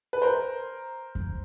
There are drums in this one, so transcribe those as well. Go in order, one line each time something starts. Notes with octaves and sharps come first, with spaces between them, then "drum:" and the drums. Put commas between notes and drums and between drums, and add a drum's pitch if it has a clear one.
B4
A#4 C5
drum: kick F2